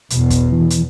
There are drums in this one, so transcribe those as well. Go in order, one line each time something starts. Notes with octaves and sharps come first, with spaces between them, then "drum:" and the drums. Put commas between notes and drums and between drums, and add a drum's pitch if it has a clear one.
E2 B2, drum: hi-hat
drum: kick, hi-hat
E3
drum: hi-hat